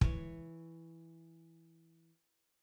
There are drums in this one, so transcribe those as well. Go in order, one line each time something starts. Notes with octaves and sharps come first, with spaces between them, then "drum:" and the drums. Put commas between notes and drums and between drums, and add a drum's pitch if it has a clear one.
E3 C#5, drum: kick